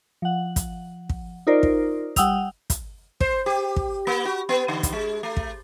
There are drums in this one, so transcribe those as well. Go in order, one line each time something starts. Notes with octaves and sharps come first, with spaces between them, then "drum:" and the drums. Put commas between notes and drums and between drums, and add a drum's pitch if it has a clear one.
F3 F#5
drum: kick, hi-hat
drum: kick
D#4 F4 A#4 C5 D5
drum: kick
G3 F#5 G5 D#6 E6 F7, drum: kick, hi-hat
drum: kick, hi-hat
C5, drum: kick
G4
drum: kick
A#3
F#4
B3
D3
drum: kick, hi-hat
G#3
A3
drum: kick